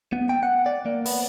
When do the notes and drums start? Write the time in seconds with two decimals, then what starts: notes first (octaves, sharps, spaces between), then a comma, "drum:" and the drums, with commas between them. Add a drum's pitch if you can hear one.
0.13 B3
0.29 G5
0.43 F#5
0.66 D5
0.86 A#3
1.06 B3, drum: open hi-hat